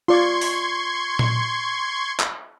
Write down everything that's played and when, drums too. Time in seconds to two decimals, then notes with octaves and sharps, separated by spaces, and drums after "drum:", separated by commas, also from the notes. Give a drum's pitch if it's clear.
0.08 F4 D5 C6 C#6 G#6
0.41 drum: open hi-hat
1.19 drum: tom A#2
2.20 drum: clap